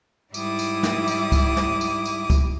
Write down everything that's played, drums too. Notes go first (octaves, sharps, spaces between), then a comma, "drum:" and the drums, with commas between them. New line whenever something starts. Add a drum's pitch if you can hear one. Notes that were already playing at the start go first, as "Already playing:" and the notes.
G#2 G3 E4 D6 D#6, drum: tambourine
drum: tambourine
drum: snare
drum: tambourine
drum: kick C#2, tambourine
drum: snare
drum: tambourine
drum: tambourine
drum: kick C#2, tambourine